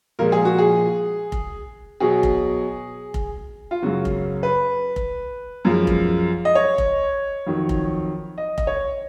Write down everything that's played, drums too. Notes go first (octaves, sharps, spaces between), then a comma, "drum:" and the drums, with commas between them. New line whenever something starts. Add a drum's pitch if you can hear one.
A#2 F3 G#3 A#4
G#4
F#4
G#4
drum: kick F1
B2 F#3 G#4
drum: kick F1
drum: kick F1
F4
F#2 C#3 F#3 F#4
drum: kick F1
B4
drum: kick F1
F#2 F3 G#3
drum: kick F1
D#5
C#5
drum: kick F1
F2 D#3 F#3
drum: kick F1
D#5
D#5, drum: kick F1
C#5